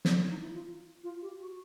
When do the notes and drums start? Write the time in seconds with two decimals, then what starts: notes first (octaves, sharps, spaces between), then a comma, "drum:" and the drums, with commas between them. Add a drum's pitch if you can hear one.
0.05 drum: snare
0.22 E4
0.29 D#4
0.42 E4
0.54 F4
1.03 F4
1.22 G4
1.41 F#4